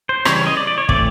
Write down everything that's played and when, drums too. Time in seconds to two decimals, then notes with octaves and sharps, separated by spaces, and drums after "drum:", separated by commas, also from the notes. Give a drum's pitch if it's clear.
0.09 C5
0.25 C#3 E3 G3 C4 C#5, drum: rim click
0.36 C#5
0.46 D#5
0.57 D5
0.67 D5
0.78 C#5
0.89 E3 A3 C4 D5, drum: kick